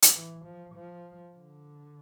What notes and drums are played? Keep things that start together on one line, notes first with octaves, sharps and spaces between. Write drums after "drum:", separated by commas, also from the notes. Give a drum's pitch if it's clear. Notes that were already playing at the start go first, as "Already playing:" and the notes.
drum: hi-hat
E3
F3
F3
D3